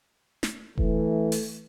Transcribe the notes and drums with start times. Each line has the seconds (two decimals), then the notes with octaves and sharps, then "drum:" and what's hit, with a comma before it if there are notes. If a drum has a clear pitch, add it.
0.43 drum: snare
0.78 E3 A3, drum: kick E1
1.32 drum: open hi-hat